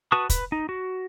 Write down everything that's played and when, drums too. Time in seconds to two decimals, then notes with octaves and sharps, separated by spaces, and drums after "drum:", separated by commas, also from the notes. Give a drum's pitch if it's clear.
0.12 F#4 B4 A5 C#6 D#6
0.29 B4, drum: kick, hi-hat
0.52 D#4
0.69 F#4